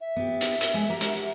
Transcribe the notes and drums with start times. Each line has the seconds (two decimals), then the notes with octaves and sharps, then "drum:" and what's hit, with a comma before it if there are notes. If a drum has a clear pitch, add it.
0.01 E5
0.16 B3 G4
0.41 drum: hi-hat
0.61 drum: hi-hat
0.74 G#3
0.89 G4 A#4 F#5
1.01 drum: hi-hat